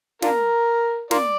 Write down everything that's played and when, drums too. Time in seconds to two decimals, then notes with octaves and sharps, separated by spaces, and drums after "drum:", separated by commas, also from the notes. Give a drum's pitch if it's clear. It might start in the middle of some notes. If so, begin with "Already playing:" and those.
0.22 D4 F4 A#4, drum: snare
1.11 F4 A#4 D5, drum: snare